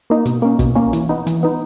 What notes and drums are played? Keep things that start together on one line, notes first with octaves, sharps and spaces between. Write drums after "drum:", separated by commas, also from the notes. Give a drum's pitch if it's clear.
A#3 D#4
B2, drum: hi-hat
A#3 C#4
B2, drum: kick, hi-hat
A#3 C#4
E3, drum: hi-hat
B3 D#4
E3, drum: hi-hat
B3 D#4